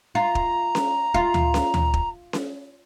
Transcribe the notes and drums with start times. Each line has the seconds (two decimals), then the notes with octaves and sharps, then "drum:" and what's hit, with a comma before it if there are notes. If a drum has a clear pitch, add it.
0.15 F4 A#5
0.35 drum: kick
0.75 drum: snare C#4
1.14 F4, drum: kick
1.34 drum: tom D2
1.54 drum: snare C#4
1.74 drum: tom D2
1.94 drum: kick
2.33 drum: snare C#4